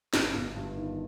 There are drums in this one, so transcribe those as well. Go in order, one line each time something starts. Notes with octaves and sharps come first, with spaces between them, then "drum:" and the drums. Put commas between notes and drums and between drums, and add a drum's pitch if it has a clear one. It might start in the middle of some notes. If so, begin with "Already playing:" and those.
G1, drum: snare
G1
G2
D#3